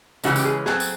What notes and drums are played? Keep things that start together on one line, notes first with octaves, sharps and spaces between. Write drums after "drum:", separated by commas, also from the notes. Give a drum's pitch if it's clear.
C#3 E3 G#3 C#4 F#4, drum: tambourine
G4, drum: tambourine
G#4
F#3 A3 C4 G#4, drum: snare
drum: tambourine